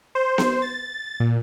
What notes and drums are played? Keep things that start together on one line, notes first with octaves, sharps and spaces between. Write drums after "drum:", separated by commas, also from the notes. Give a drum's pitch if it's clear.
C5
drum: snare B3
A6
A#2